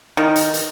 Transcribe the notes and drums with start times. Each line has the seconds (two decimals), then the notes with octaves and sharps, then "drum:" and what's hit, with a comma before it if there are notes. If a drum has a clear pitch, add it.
0.17 D#3
0.36 drum: hi-hat
0.54 drum: hi-hat